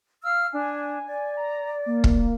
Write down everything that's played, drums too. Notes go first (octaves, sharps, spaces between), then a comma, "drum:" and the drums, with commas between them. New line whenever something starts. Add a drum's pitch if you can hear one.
F5 E6 F6
D4 G#5
D5
A#5
A#3
drum: kick